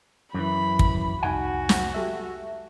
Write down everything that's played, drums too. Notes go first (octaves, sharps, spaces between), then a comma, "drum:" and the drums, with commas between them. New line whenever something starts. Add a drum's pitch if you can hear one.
F#2 E3 B5
drum: kick
C2 F2 D#4 F#4 F#5 G#5
drum: snare
G4 A4 E5